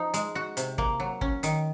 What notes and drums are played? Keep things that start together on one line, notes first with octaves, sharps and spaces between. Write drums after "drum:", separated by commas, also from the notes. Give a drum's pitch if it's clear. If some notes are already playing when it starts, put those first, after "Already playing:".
Already playing: F3 D#4
G#3, drum: hi-hat
F#4
C3, drum: hi-hat
A#3, drum: kick
F#3
C#4, drum: kick
D#3, drum: hi-hat